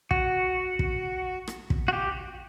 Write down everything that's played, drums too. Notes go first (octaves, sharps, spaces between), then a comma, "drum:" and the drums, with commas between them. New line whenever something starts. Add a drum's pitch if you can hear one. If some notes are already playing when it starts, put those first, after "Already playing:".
F#4, drum: kick
drum: kick
drum: rim click
drum: kick
F#4
G4